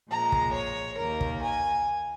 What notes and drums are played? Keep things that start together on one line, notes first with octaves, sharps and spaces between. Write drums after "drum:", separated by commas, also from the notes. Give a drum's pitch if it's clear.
A#2 F3 G#3 A#5
drum: kick
C#5
D#2 D#3 A#3 A#4
drum: kick
G#5